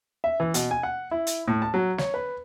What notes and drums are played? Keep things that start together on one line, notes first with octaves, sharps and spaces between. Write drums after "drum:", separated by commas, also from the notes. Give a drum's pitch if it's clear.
E5
E3
B2, drum: hi-hat
G#5
F#5
E4
drum: hi-hat
A2
A5
F#3
C#5, drum: snare
B4